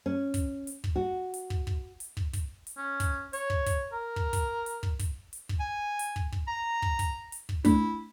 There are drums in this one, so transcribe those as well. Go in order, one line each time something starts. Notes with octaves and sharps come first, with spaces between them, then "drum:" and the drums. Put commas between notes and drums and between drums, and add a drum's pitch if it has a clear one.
C#4
drum: kick, hi-hat
drum: hi-hat
drum: kick
F#4
drum: hi-hat
drum: kick
drum: kick
drum: hi-hat
drum: kick
drum: kick, hi-hat
drum: hi-hat
C#4
drum: kick, hi-hat
C#5, drum: hi-hat
drum: kick
drum: kick, hi-hat
A#4
drum: kick
drum: kick, hi-hat
drum: hi-hat
drum: kick
drum: kick, hi-hat
drum: hi-hat
drum: kick
G#5
drum: hi-hat
drum: kick
drum: kick
A#5
drum: kick
drum: kick, hi-hat
drum: hi-hat
drum: kick
A3 D4 E4, drum: kick, hi-hat